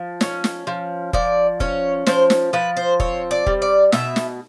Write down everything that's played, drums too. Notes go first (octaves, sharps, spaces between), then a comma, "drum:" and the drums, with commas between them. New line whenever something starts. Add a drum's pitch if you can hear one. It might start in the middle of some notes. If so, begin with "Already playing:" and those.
Already playing: F3
C#4, drum: snare
drum: snare
F3
F3 D5, drum: kick F1
C#4 C#5, drum: kick F1
F3 C5, drum: snare
drum: snare
F3 B4
C5
C4 C#5, drum: kick F1
D5
G3, drum: kick F1
D5
B2 E5, drum: snare
drum: snare